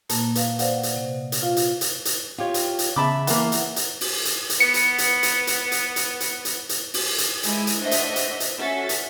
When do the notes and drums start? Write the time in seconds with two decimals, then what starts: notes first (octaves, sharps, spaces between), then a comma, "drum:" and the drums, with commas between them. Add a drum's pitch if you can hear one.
0.09 A#2 A#3 A5, drum: hi-hat
0.35 B4 F5, drum: hi-hat
0.59 C5 D5 F5 F#5, drum: hi-hat
0.83 drum: hi-hat
0.96 C3
1.32 drum: hi-hat
1.42 F4 F5
1.57 drum: hi-hat
1.81 drum: hi-hat
2.05 drum: hi-hat
2.38 F4 G4 C#5
2.54 drum: hi-hat
2.79 drum: hi-hat
2.96 E2 C#3 E5 A5 B5 D6
3.27 E3 A#3 F#5, drum: hi-hat
3.52 drum: hi-hat
3.76 drum: hi-hat
4.01 drum: open hi-hat
4.25 drum: hi-hat
4.50 drum: hi-hat
4.60 B3 C#7
4.74 drum: hi-hat
4.98 drum: hi-hat
5.23 drum: hi-hat
5.47 drum: hi-hat
5.72 drum: hi-hat
5.96 drum: hi-hat
6.20 drum: hi-hat
6.45 drum: hi-hat
6.69 drum: hi-hat
6.94 drum: open hi-hat
7.18 drum: hi-hat
7.43 G#3 E4 G#5, drum: hi-hat
7.67 drum: hi-hat
7.81 A3 D4 C5 D#5 E5 F#5
7.91 drum: hi-hat
8.16 drum: hi-hat
8.40 drum: hi-hat
8.59 C#4 F#4 A4 E5 A6 B6
8.89 drum: hi-hat